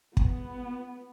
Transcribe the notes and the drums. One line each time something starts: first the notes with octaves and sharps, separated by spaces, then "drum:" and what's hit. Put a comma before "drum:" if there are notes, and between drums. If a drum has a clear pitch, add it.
B3, drum: kick